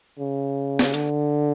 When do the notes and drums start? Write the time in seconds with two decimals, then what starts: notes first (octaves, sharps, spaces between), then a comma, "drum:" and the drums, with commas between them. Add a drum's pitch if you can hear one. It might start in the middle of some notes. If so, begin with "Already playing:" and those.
0.19 C#3
0.79 drum: snare
0.94 D3, drum: hi-hat